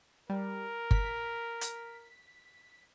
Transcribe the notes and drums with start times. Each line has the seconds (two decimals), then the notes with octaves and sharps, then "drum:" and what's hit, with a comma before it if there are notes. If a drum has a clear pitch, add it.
0.30 G3 A#4
0.91 B6, drum: kick G1
1.61 drum: hi-hat